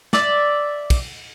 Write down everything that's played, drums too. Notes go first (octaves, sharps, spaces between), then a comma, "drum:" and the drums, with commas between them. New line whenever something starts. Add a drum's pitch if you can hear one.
D5 E5, drum: snare
drum: kick, cymbal